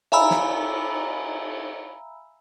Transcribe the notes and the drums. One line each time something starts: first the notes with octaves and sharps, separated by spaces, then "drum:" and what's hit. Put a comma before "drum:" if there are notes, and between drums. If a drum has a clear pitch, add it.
E5 F5 G#5 A#5 B5 E6, drum: cymbal
drum: snare